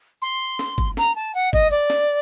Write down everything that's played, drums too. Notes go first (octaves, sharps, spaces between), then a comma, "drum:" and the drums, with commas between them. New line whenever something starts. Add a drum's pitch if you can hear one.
C6, drum: tambourine
drum: snare
drum: kick G1
A#5, drum: snare
A5
F#5, drum: tambourine
D#5, drum: kick G1
D5, drum: tambourine
drum: snare